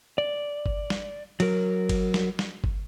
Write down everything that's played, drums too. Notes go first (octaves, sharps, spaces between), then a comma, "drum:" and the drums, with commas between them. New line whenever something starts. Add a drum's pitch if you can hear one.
D5
drum: kick G1
drum: snare
F#3 A#4, drum: cymbal
drum: kick G1, cymbal
drum: snare
drum: snare
drum: kick G1